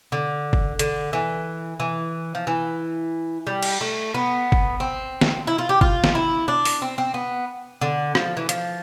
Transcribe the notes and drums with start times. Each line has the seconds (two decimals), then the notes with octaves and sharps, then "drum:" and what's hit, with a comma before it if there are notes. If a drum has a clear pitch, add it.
0.12 D3
0.53 drum: kick G1
0.79 D3, drum: hi-hat
1.13 E3
1.80 E3
2.35 F3
2.47 E3
3.47 G3
3.63 drum: cymbal
3.81 A3
4.14 B3
4.52 drum: kick G1
4.80 C4
5.21 drum: snare
5.47 E4
5.58 F4
5.69 G4
5.81 F4, drum: kick G1
6.04 drum: snare
6.15 E4
6.48 D4
6.65 drum: open hi-hat
6.82 C4
6.98 C4
7.14 B3
7.81 D3
8.15 F3, drum: rim click
8.37 E3
8.49 F3, drum: hi-hat